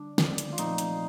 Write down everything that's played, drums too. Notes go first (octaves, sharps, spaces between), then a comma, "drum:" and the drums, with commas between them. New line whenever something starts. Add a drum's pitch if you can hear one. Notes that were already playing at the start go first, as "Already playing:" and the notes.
Already playing: D3 G3 D4
drum: snare
drum: hi-hat
F4
A#2 F3 A3 C4 D#4, drum: hi-hat
drum: hi-hat